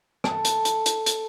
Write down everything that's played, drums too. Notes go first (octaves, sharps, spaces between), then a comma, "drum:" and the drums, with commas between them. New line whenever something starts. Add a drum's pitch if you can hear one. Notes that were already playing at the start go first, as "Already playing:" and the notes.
A4, drum: rim click
drum: hi-hat
drum: hi-hat
drum: hi-hat
drum: hi-hat